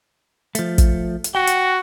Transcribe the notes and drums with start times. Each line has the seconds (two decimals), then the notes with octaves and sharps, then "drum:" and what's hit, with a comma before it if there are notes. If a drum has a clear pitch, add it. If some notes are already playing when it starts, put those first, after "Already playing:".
0.55 F3 A3, drum: hi-hat
0.78 drum: kick, hi-hat
1.24 drum: hi-hat
1.35 F#4 G5
1.47 drum: hi-hat